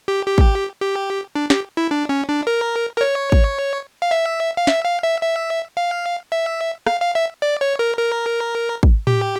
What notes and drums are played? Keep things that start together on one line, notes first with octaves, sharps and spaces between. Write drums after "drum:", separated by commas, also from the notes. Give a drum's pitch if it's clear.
G4
G4
drum: kick
G4
D4
G4, drum: snare
E4
D4
C#4
D4
A#4
A#4
C#5
drum: kick
F5
E5
F5
E5, drum: snare
F5
E5
E5
F5
E5
F5, drum: rim click
F5
E5
D5
C#5
A#4
A#4
drum: kick
G4, drum: tom A2